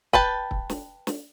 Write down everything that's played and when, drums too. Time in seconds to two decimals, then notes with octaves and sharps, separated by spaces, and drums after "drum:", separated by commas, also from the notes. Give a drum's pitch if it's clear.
0.13 B4 G5 A5, drum: kick
0.51 drum: kick
0.70 drum: snare
1.07 drum: snare